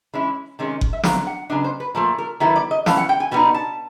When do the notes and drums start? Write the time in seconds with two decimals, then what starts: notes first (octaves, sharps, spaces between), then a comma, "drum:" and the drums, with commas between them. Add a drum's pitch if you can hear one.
0.14 E3 G#3 C#4 E4
0.59 C3 D#3 G#3 C#4
0.81 drum: kick F#1
0.93 E5
1.03 D3 F#3 A3 C4 F5, drum: snare
1.27 F#5
1.50 C#3 F#3 B3 D4 D#5
1.64 C5
1.80 B4
1.95 A#2 F3 A3 C5
2.18 A#4
2.40 D#3 F#3 B3 E4 A4
2.56 D5
2.71 D#5
2.86 E3 A3 C#4 F5, drum: snare
2.97 F#5
3.09 G5
3.20 G#5
3.31 B2 G3 B3 D#4 G#5
3.54 A5